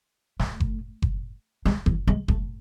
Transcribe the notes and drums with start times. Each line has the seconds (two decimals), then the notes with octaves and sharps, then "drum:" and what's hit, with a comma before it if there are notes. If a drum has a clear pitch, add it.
0.40 A3, drum: snare
0.60 drum: kick F#1
1.02 drum: kick F#1
1.65 G#3, drum: snare
1.86 E3, drum: kick F#1
2.07 G#3
2.28 A3, drum: kick F#1